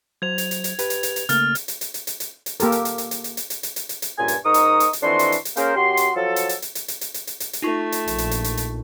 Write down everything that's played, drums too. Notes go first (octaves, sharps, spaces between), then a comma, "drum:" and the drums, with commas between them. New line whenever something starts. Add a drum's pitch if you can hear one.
F#3 C5 G#6 F7
drum: hi-hat
drum: hi-hat
drum: hi-hat
G4 B4, drum: hi-hat
drum: hi-hat
drum: hi-hat
drum: hi-hat
C#3 A3 A#3 F6 A6, drum: hi-hat
drum: hi-hat
drum: hi-hat
drum: hi-hat
drum: hi-hat
drum: hi-hat
drum: hi-hat
drum: hi-hat
A#3 G4 A4 A#4, drum: hi-hat
drum: hi-hat
drum: hi-hat
drum: hi-hat
drum: hi-hat
drum: hi-hat
drum: hi-hat
drum: hi-hat
drum: hi-hat
drum: hi-hat
drum: hi-hat
drum: hi-hat
C#2 G2 A#2 G#5
drum: hi-hat
G#2 D#4 A#4 C#6 D#6
drum: hi-hat
drum: hi-hat
drum: hi-hat
F2 E3 D4 F#4 C6
drum: hi-hat
drum: hi-hat
drum: hi-hat
A#3 C#4 G#4 A#4 C5, drum: hi-hat
F#2 F#4 G4 C6
drum: hi-hat
F3 F#3 F4 A4
drum: hi-hat
drum: hi-hat
drum: hi-hat
drum: hi-hat
drum: hi-hat
drum: hi-hat
drum: hi-hat
drum: hi-hat
drum: hi-hat
drum: hi-hat
A3 D#4 F4 C#6
drum: hi-hat
A#1, drum: hi-hat
drum: hi-hat
drum: hi-hat
drum: hi-hat
drum: hi-hat